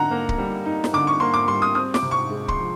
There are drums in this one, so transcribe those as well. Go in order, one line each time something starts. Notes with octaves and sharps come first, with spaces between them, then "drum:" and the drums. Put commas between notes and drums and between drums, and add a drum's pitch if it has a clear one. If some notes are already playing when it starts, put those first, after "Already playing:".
Already playing: D3 D#4 F#5 A#5
A#3
drum: kick C#1
G3
D#4
drum: snare
D3 D6
C#6
A#3 C6
D6
G3 C6
D#6
C4 D#6
D6, drum: snare
C3
C#6
G#3
C6, drum: kick C#1
F3